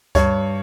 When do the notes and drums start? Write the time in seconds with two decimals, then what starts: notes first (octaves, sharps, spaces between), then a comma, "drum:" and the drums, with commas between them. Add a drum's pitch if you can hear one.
0.15 G2 C#5, drum: kick D2, hi-hat